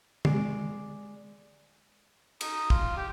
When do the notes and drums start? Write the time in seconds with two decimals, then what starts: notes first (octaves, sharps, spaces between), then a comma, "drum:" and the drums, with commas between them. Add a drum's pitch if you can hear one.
0.25 G#3 D5, drum: tom
2.41 D#4, drum: cymbal
2.70 F4, drum: kick
2.96 G4